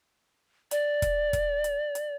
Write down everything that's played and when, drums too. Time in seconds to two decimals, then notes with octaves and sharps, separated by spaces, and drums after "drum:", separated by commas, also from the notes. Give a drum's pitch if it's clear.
0.71 D5, drum: hi-hat
1.02 drum: kick, hi-hat
1.33 drum: kick, hi-hat
1.64 drum: hi-hat
1.95 drum: hi-hat